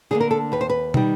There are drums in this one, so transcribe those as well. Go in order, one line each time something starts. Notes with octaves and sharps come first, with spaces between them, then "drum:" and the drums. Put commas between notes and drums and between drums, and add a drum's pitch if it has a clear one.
D3 G3 A#3 G#4
A#4
A4
D#2 B4
C5
B4
D#3 G3, drum: tom